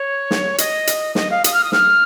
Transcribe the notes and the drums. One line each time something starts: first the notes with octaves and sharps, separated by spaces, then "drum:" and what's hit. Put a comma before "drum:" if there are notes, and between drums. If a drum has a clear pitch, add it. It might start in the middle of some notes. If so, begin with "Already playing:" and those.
Already playing: C#5
drum: snare
D#5, drum: hi-hat
drum: hi-hat
D#5, drum: snare
F5
D#6, drum: hi-hat
F6
D#6
F6, drum: snare